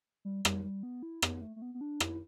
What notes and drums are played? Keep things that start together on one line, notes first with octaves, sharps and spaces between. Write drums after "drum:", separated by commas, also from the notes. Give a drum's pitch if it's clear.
G3
G3, drum: rim click
G3
B3
E4
B3, drum: rim click
A3
A3
B3
B3
D4
E4, drum: rim click